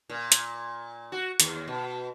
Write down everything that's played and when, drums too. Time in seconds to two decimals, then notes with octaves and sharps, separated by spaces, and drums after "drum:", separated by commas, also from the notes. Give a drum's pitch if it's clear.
0.09 A#2
0.32 drum: hi-hat
1.12 F#4
1.40 D#2, drum: hi-hat
1.68 B2